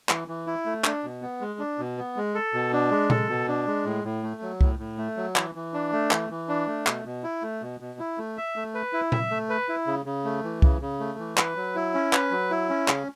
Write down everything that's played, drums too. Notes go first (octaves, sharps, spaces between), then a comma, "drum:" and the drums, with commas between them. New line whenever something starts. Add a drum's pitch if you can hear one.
E3, drum: clap
E3
E4
A3
D4, drum: clap
B2
B3
G#3
D4
B2
B3
G#3
A4
B2
D4
G#3
A4, drum: tom A#2
B2
D4
G#3
A2
A2
A3
F#3
A2, drum: kick C2
A2
A3
F#3
E3, drum: clap
E3
D4
A3
E3, drum: clap
E3
D4
A3
B2, drum: clap
B2
E4
A3
B2
B2
E4
A3
E5
A3
B4
E4
E5, drum: tom A#2
A3
B4
E4
C#3
C#3
A3
E3
C#3, drum: kick C2
C#3
A3
E3
B4, drum: clap
F#3
E4
C#4
B4, drum: clap
F#3
E4
C#4
C#3, drum: clap